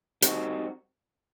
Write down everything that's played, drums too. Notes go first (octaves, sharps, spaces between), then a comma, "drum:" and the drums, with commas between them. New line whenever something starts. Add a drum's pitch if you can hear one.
G3 C4 D#4 F#4, drum: hi-hat